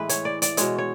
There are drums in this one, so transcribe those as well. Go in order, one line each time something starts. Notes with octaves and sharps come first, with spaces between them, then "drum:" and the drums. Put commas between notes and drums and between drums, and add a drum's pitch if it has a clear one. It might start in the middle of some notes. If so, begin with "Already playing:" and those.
Already playing: A2 E3 G#3 E4 B4
C#5, drum: hi-hat
D5
D5, drum: hi-hat
B2 G#3 C#5, drum: hi-hat
C#5